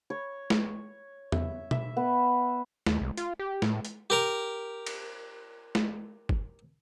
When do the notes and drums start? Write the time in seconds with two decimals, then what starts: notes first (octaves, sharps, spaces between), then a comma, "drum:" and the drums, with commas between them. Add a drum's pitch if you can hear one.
0.10 C#5
0.50 drum: snare
1.32 E5, drum: tom E2
1.71 E5, drum: tom B2
1.97 B3
2.86 D#2, drum: snare
3.01 C2
3.17 F4, drum: hi-hat
3.39 G4
3.62 A2, drum: snare
3.85 drum: hi-hat
4.10 G4 A#4 A#5
4.87 drum: cymbal
5.75 drum: snare
6.29 drum: kick